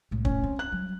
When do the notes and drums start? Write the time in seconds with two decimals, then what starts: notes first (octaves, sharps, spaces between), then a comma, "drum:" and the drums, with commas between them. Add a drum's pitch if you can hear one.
0.11 C2 A2
0.25 C#4, drum: kick
0.44 C4
0.59 F#6
0.72 F#3 G3